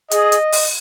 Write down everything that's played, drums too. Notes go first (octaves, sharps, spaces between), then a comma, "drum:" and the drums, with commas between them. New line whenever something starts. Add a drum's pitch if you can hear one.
G#4 D#5, drum: hi-hat
drum: hi-hat
drum: open hi-hat